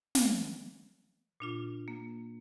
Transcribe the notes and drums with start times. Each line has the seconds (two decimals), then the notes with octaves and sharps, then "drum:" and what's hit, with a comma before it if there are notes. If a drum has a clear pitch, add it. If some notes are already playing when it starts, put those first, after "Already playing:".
0.15 drum: snare
1.40 A#2 D4 F4
1.88 A#3